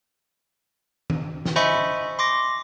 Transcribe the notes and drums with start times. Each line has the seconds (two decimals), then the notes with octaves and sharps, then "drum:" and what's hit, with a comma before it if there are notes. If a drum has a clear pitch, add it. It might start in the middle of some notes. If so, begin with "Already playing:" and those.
1.10 drum: tom D#3
1.45 drum: snare
1.56 C5 D#5 E5 G#5 B5 C#6
2.19 C6 D6 A#6